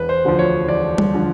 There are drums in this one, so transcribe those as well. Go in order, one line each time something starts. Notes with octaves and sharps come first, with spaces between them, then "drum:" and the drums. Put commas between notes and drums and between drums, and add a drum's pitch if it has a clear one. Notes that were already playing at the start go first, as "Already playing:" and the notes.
Already playing: E1 B4
C5
D2 D3 F3
C#5
E1 D5
drum: tom G3
D3 F3